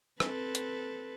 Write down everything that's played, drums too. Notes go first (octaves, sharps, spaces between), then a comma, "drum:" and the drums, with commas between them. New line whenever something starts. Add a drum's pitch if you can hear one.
C4 A4 B4, drum: rim click
drum: hi-hat